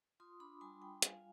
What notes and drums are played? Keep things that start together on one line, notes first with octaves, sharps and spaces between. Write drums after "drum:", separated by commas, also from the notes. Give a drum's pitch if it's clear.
F4 C6 D#6
D4 B5 D6
G3 G#5 C6
G3 G5 B5
F4 F5 G#5, drum: hi-hat